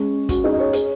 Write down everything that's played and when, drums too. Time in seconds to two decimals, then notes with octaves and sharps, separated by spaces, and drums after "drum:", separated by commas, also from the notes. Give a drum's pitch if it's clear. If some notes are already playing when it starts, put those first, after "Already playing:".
Already playing: G#3 C#4
0.29 C#4 F#4, drum: kick, hi-hat
0.44 D#4 G#4
0.52 D#5
0.59 G#4 C#5
0.73 G#4 C#5, drum: hi-hat